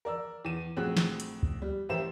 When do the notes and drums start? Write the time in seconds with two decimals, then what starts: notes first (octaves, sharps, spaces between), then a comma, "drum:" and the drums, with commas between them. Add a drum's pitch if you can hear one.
0.05 A#4 D5 E6
0.45 E2 D#7
0.77 A#1 A3 C4 F#4 G#4 F#6
0.97 drum: snare
1.20 drum: hi-hat
1.43 drum: kick
1.62 G3
1.89 A1 G4 A#4 C5 E5 E7